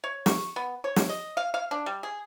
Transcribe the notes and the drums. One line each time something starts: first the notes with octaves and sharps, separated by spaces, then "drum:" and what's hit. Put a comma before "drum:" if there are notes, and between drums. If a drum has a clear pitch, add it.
C#5
C#6, drum: snare
B3
C#5
drum: snare
D#5
F5
F5
D4
G3
G#4